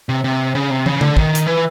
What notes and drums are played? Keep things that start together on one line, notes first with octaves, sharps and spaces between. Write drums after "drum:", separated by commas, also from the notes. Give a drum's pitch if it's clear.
C3
C3
C#3
C3
C#3, drum: tom
D3, drum: tom C#3
D#3, drum: kick
drum: hi-hat
E3